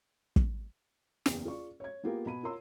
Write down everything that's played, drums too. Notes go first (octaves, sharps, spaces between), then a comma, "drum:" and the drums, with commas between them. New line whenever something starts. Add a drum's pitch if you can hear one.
drum: kick
F#1 E2, drum: snare
F4 G#4 D5 C#6
C#5 G#6
A#3 B3 F4 G4 G#4 A#4
B2 B5 D#7
F4 A#4 C#5 C6 E6